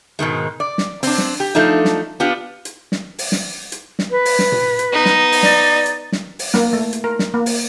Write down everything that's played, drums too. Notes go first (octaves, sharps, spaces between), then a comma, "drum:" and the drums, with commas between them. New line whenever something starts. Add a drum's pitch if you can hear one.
G#2 B2 D#3 G#3
D5
drum: snare
C4 D4, drum: open hi-hat
drum: snare
G4
F3 A3 D4 D#4
drum: snare
B3 D4 F4 G4
drum: hi-hat
drum: snare
drum: open hi-hat
drum: snare
drum: hi-hat
drum: snare
B4
drum: open hi-hat
drum: snare
drum: tom A#2
drum: hi-hat
B3 D#4
drum: snare
drum: open hi-hat
D5, drum: snare
drum: hi-hat
drum: snare
drum: open hi-hat
A#3, drum: snare
A3
drum: hi-hat
A#4
drum: snare
A#3
drum: open hi-hat